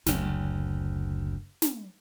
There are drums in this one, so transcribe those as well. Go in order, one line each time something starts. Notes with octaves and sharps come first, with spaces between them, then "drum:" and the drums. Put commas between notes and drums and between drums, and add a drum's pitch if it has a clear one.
F#1 D2, drum: snare
drum: snare